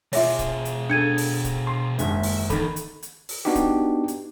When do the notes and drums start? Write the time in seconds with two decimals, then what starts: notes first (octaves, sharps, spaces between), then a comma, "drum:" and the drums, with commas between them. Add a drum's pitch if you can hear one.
0.13 B2 F4 G#4 C#5 E5 D6 A#6, drum: open hi-hat
0.39 drum: kick, hi-hat
0.65 drum: hi-hat
0.90 D4 A4 G#6 C#7 D#7
1.18 drum: open hi-hat
1.44 drum: kick, hi-hat
1.67 C6
1.99 F#1 D#2 G#2 E5, drum: hi-hat
2.23 drum: open hi-hat
2.50 E2 D#3 A4 B5, drum: kick, hi-hat
2.76 drum: hi-hat
3.03 drum: hi-hat
3.29 drum: open hi-hat
3.45 B3 D4 D#4 F#4 G4
3.55 drum: kick, hi-hat
4.08 drum: hi-hat